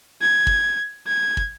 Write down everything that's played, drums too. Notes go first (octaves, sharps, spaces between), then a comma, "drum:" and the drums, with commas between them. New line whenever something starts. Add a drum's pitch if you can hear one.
G#6
drum: kick
G#6
drum: kick